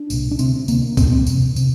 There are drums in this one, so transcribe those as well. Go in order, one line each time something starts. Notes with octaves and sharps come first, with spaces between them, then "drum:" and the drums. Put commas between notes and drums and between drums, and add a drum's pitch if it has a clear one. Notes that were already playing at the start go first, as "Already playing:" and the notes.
Already playing: D4
C2 A#2, drum: tambourine
D4
D2 C3 C4, drum: tambourine
D2 C3 A#3, drum: tambourine
C2 A#2 C4, drum: kick C#2, tambourine
D4
C4
F2 C3, drum: tambourine
C3, drum: tambourine